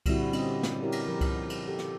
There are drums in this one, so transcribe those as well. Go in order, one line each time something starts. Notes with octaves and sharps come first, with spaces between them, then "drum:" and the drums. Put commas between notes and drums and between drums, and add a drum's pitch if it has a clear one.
A#2 D3 G3 C4 E4 F#4, drum: kick C2, cymbal
G3 C4 C#4 F#4 G4 D#5, drum: cymbal
drum: snare
E4 G4 A#4 C#5
drum: cymbal
F3 A#4
drum: kick C2, cymbal
drum: cymbal
G4 A4
drum: snare